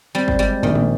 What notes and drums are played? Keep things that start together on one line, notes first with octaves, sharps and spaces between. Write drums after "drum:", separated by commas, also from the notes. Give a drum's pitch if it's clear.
G3 C4
drum: kick
G3 G#3
A#1 D#3
drum: tom